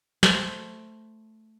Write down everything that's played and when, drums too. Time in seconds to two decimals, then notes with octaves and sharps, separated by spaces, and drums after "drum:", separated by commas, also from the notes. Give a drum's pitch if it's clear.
0.23 A3 C5, drum: snare